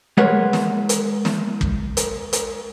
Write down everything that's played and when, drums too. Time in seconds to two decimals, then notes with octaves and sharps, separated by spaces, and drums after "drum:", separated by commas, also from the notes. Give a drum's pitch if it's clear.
0.17 G#3 A#4 B4 C#5 F#5
0.53 drum: snare
0.89 drum: hi-hat
1.25 drum: snare
1.61 drum: kick
1.97 drum: hi-hat
2.33 drum: hi-hat